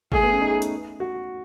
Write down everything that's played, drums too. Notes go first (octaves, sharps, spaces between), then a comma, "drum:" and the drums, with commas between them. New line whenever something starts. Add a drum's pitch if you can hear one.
A3 G#4, drum: kick
B3
C#4
D#4
drum: hi-hat
F#4